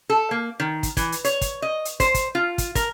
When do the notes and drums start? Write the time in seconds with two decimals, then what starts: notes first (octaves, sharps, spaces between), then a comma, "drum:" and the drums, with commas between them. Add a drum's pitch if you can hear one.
0.10 A4
0.31 A#3
0.60 D#3
0.83 drum: kick, hi-hat
0.97 E3, drum: kick, hi-hat
1.12 drum: hi-hat
1.25 C#5, drum: hi-hat
1.41 drum: kick, hi-hat
1.62 D#5
1.85 drum: hi-hat
2.00 C5, drum: kick, hi-hat
2.14 drum: kick, hi-hat
2.35 F4
2.58 drum: kick, hi-hat
2.75 A#4, drum: kick, hi-hat